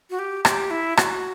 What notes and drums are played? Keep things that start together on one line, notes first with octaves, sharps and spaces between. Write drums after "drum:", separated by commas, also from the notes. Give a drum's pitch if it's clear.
F#4
G4
G4, drum: rim click
E4
F#4, drum: rim click